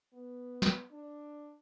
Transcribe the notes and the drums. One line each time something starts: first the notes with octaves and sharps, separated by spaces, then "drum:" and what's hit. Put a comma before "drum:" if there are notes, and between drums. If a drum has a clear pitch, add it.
B3
drum: snare
D4